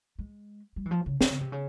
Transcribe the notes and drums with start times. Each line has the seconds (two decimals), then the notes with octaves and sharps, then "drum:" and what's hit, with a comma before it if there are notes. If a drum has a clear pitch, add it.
0.19 G#3
0.76 G3
0.86 E3
0.91 F3
1.06 C#3
1.21 E3, drum: snare
1.30 C#3
1.41 C3
1.52 C#3